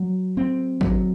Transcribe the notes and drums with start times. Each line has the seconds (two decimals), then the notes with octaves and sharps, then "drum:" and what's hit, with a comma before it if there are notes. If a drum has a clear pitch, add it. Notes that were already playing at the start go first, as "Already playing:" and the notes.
Already playing: F#3
0.37 C4
0.81 F#3, drum: kick